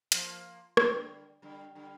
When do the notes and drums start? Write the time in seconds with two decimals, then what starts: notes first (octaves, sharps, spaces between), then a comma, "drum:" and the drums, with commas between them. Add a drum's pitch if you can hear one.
0.12 F3 A#3, drum: hi-hat
0.77 D3 G3, drum: rim click
1.42 D3 G3
1.75 D3 G3